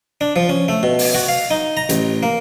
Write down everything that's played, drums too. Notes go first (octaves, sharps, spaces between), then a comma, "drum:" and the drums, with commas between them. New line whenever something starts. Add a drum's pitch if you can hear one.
D4
F3
C#4
A3
B2
drum: open hi-hat
F#4
F5
D#4
A#5
A1, drum: hi-hat
A#3